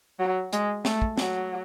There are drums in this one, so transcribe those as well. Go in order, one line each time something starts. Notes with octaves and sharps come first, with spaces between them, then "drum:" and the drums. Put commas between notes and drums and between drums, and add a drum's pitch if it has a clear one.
F#3
G#3, drum: hi-hat
A3, drum: snare
drum: kick
F#3, drum: snare